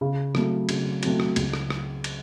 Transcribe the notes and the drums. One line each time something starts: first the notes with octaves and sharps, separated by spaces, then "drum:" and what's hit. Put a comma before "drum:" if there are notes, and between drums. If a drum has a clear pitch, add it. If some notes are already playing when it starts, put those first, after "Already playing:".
C#3
F#3 A3 C4, drum: rim click
C#3, drum: cymbal
F#3 A3 C4, drum: cymbal
drum: rim click
C#2, drum: cymbal
drum: rim click
drum: rim click
drum: cymbal